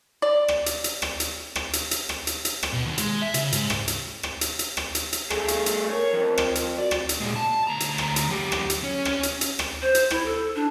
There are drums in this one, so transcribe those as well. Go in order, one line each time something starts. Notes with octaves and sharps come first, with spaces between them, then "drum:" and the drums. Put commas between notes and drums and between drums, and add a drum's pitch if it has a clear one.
D5
drum: rim click
drum: hi-hat
drum: hi-hat
drum: rim click
drum: hi-hat
drum: rim click
drum: hi-hat
drum: hi-hat
drum: rim click
drum: hi-hat
drum: hi-hat
drum: rim click
B2
D#2
G#3, drum: hi-hat
E5
C#3, drum: hi-hat
G#2, drum: hi-hat
drum: rim click
drum: hi-hat
drum: rim click
drum: hi-hat
drum: hi-hat
drum: rim click
drum: hi-hat
drum: hi-hat
A3 G#4, drum: rim click
drum: hi-hat
drum: hi-hat
A#4 C#5
F2
drum: rim click
drum: hi-hat
F#4 D5
drum: rim click
drum: hi-hat
A#2 G#3
A5
D2 A#5
drum: hi-hat
drum: rim click
drum: hi-hat
F#2 G4
drum: rim click
drum: hi-hat
C#4
drum: rim click
drum: hi-hat
drum: hi-hat
drum: rim click
C5
drum: hi-hat
E4, drum: rim click
A4
D4